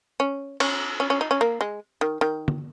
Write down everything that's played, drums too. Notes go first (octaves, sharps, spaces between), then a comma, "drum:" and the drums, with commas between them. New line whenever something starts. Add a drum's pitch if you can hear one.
C#4
C#4, drum: cymbal
C#4
C#4
D#4
C#4
A#3
G#3
D#3
D#3
drum: tom D3